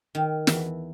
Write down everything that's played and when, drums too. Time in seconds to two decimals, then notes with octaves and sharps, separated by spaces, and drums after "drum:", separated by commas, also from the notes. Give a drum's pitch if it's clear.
0.15 D#3
0.47 E2 E3, drum: snare